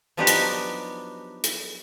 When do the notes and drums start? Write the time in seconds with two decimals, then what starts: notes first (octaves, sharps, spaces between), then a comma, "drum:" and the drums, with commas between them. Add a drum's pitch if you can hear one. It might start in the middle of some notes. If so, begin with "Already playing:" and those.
0.17 F3 F#3 B3 D4 D#4 G4
0.27 drum: hi-hat
1.44 drum: hi-hat